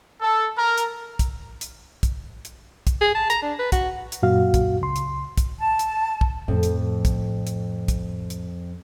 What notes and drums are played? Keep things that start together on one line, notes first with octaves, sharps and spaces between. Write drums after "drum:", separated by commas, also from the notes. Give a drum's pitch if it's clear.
A4
A#4
drum: hi-hat
drum: kick, hi-hat
drum: hi-hat
drum: kick, hi-hat
drum: hi-hat
drum: kick, hi-hat
G#4
A5
A#5, drum: hi-hat
D4
B4
F#4, drum: kick, hi-hat
drum: hi-hat
F#2 A#2 F#4 F5
drum: kick, hi-hat
C#2 C6
drum: hi-hat
drum: kick, hi-hat
A5
drum: hi-hat
drum: kick
F2 A2
drum: hi-hat
drum: kick, hi-hat
drum: hi-hat
drum: kick, hi-hat
drum: hi-hat